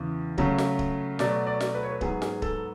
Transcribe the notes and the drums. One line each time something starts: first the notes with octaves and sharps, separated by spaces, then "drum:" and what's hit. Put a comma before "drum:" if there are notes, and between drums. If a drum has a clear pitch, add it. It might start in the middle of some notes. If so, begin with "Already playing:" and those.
Already playing: E2 C#3 E3
C#3 F#3 A3, drum: kick D1
drum: snare
drum: kick D1
B2 F#3 A3 D5, drum: snare
D5
drum: snare
B4
C#5
B4
G#2 F#3 B3 G#4, drum: kick D1
G#4, drum: snare
A4, drum: kick D1